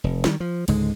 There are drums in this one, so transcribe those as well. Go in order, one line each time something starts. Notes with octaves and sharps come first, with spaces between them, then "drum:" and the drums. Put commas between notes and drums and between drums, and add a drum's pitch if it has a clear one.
F1
D#3 G3, drum: snare
F3
C#2 G#2 D3 G#3, drum: cymbal